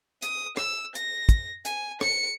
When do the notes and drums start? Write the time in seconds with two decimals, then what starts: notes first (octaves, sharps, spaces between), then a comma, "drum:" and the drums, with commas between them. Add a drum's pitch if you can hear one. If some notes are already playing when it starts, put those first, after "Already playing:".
0.22 D#6, drum: hi-hat
0.57 E6, drum: rim click
0.95 A#6, drum: hi-hat
1.29 drum: kick, hi-hat
1.65 G#5, drum: hi-hat
2.01 C#7, drum: rim click